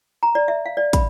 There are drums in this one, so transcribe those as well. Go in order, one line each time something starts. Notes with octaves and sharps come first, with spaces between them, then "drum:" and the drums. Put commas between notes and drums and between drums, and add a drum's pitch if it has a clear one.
A#5
D5
E5
F5
D5
B5, drum: kick, hi-hat